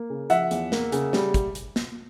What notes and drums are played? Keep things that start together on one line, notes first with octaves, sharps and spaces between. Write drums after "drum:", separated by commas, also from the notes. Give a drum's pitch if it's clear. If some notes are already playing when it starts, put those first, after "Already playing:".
Already playing: A#3
C#3
F3 E5 F#5, drum: hi-hat
E2, drum: hi-hat
A#3, drum: snare
C#3, drum: hi-hat
G3, drum: snare
drum: kick, hi-hat
drum: hi-hat
drum: snare